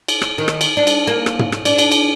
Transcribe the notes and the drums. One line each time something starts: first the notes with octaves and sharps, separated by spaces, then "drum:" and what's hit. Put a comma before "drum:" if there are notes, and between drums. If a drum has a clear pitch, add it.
drum: cymbal
drum: rim click
D#3
drum: rim click
drum: cymbal
D4
drum: cymbal
A#3
drum: rim click
drum: tom
drum: rim click
D4, drum: cymbal
drum: cymbal
drum: cymbal